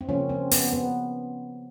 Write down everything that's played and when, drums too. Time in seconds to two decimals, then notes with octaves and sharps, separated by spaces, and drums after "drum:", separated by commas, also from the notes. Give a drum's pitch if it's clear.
0.01 C4
0.09 C#3 F3 A#3 C#4
0.29 C4
0.51 B3, drum: open hi-hat
0.73 B3